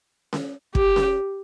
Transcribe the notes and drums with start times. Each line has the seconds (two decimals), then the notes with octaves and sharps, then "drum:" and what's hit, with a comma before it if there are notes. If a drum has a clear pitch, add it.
0.33 drum: snare C#4
0.75 G4, drum: kick
0.96 drum: snare C#4